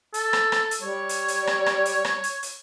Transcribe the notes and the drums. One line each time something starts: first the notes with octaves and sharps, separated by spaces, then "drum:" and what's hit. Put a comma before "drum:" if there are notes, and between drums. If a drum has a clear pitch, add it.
A4, drum: hi-hat
drum: rim click
drum: rim click
drum: hi-hat
G3 C#5
drum: hi-hat
drum: hi-hat
drum: rim click
drum: rim click
drum: hi-hat
drum: rim click
drum: hi-hat
drum: hi-hat